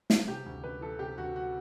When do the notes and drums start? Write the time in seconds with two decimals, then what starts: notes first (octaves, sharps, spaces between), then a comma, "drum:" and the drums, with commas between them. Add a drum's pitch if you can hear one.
0.10 E3, drum: snare
0.28 C3 G4
0.46 D2
0.64 D2 B4
0.81 E3 A4
0.99 C3 G4
1.18 D2 F#4
1.36 F#4